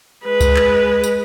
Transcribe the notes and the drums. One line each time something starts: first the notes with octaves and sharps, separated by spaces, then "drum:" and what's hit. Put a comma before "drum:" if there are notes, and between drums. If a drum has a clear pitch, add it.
G#3 B4
drum: kick C#2, tambourine
drum: clap
drum: tambourine